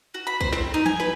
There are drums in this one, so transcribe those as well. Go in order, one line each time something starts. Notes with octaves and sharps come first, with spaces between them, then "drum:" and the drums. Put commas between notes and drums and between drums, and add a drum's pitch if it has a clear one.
F#4
B5
C5, drum: kick
C4, drum: snare
D#4
G#5, drum: tom
B4, drum: snare